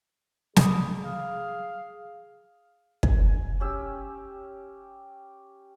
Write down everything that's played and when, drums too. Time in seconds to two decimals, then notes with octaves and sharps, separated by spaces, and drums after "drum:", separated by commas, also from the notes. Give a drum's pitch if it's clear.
0.56 G3 G#4, drum: snare
1.04 G#4 F5
3.03 G#5, drum: kick
3.60 C#4 G4 E6